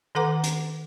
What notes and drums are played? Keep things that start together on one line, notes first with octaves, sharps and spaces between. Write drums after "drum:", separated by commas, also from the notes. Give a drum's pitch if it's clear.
D#3 A4 B4 F#5 A#5 D6
drum: hi-hat